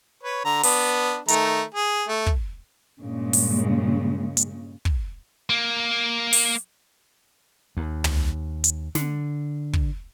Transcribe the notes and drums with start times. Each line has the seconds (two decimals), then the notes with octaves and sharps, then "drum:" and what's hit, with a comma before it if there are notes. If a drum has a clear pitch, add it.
0.23 B4 C#5
0.45 D3 A#5
0.63 B3 D4, drum: open hi-hat
1.28 D#3 A3 A#5, drum: hi-hat
1.74 G#4
2.08 A3
2.26 drum: kick
3.01 G2 A#2 C#3 G#3
3.33 drum: open hi-hat
4.37 drum: hi-hat
4.85 drum: kick
5.50 A#3
6.33 drum: open hi-hat
7.77 D#2
8.04 drum: tom
8.64 drum: hi-hat
8.95 D3, drum: snare
9.73 drum: kick